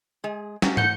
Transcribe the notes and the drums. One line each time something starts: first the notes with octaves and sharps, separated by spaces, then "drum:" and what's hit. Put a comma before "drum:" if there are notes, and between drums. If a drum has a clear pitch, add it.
G#3 G#4
F#3 C#4 G4, drum: snare
A2 F#5 G6 C#7, drum: tom